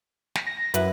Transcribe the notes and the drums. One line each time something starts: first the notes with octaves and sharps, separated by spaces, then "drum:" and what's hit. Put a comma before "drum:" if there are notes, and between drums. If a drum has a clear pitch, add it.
drum: snare
A#6
F#2 E4 B4 E5, drum: hi-hat